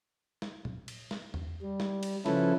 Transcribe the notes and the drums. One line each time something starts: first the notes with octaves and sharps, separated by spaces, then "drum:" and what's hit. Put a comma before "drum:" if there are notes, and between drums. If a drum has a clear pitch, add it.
drum: snare
drum: tom A#2
drum: cymbal
drum: snare
drum: tom E2
G3
drum: snare
drum: cymbal
C#3 F3 C#4 E4 A4 B4, drum: snare